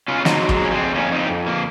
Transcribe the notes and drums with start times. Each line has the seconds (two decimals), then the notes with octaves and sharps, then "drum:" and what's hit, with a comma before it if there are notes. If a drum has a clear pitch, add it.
0.08 C#4 F4
0.20 C#4
0.25 F#3 C4 D#4, drum: snare
0.49 G#3, drum: kick
0.60 F2 C#4
0.71 G#3 C4
0.94 F2 A#3 C#4
1.12 C4 D#4
1.29 F2
1.46 A#3